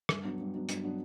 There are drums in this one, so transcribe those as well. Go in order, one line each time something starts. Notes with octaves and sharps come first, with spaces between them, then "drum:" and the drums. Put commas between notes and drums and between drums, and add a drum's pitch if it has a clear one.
G2, drum: rim click
F#3 B3 D4
G2
F#3 B3 D4
G2, drum: hi-hat
F#3 B3 D4